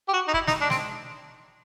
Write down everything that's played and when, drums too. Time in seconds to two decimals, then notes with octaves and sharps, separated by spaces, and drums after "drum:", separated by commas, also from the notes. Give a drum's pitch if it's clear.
0.08 G4
0.13 F#4
0.28 D#4
0.34 E4, drum: kick
0.47 D#4, drum: snare
0.61 D4
0.70 C4, drum: snare